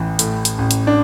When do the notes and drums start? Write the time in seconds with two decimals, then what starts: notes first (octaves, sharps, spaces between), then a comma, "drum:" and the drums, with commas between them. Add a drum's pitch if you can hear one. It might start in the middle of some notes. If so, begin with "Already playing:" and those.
Already playing: A1 E3
0.19 A2, drum: hi-hat
0.45 drum: hi-hat
0.58 A1
0.71 drum: hi-hat
0.87 D4